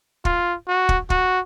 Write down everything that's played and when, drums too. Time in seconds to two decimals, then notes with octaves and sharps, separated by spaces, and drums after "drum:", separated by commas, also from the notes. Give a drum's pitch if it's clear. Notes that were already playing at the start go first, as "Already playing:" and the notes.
0.25 F4, drum: kick
0.68 F#4
0.89 drum: kick
1.10 F#4, drum: kick